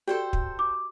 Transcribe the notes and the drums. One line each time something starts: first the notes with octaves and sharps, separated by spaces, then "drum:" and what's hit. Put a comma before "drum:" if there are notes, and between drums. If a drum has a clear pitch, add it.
F#4 G4 A4 C5 D5 G5
drum: kick
D6